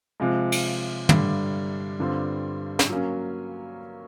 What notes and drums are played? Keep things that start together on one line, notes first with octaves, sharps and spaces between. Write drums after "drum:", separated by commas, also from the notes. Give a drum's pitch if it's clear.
C3 F3 G#3
drum: cymbal
G2 D3 G3, drum: tom
G2 D3 G3 C4 F4
drum: snare
F#3 A#3 C#4